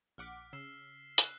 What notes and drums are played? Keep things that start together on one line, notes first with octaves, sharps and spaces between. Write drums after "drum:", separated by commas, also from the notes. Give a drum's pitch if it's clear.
A#1 F#5 D6 F6 B6
C#3 E6 C7 E7
E6 F#6, drum: hi-hat